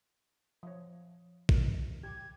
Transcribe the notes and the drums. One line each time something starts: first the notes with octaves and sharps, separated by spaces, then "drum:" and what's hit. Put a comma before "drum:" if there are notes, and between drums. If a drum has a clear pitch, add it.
F3 C#5
A#4, drum: kick
G4 G#6